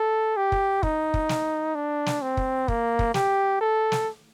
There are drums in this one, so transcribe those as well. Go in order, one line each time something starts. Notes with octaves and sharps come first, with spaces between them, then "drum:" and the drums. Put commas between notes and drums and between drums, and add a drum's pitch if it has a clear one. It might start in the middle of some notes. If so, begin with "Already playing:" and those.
Already playing: A4
G4
drum: kick
D#4, drum: kick
drum: kick
drum: snare
D4
drum: snare
C4
drum: kick
A#3, drum: kick
drum: kick
G4, drum: snare
A4
drum: snare